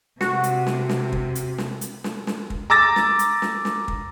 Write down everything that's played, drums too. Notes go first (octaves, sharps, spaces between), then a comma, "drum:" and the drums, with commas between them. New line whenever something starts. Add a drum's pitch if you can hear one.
C3 F#4, drum: snare
drum: hi-hat
drum: snare
drum: snare
drum: kick
drum: hi-hat
drum: snare
drum: hi-hat
drum: snare
drum: snare
drum: kick
A#5 D6 E6 A6 A#6
drum: snare
drum: hi-hat
drum: snare
drum: snare
drum: kick